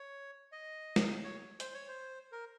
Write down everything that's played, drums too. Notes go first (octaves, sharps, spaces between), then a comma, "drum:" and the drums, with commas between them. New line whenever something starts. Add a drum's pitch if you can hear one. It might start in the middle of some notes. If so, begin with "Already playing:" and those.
Already playing: C#5
D#5
drum: snare
C#5
C5, drum: hi-hat
C#5
C5
A#4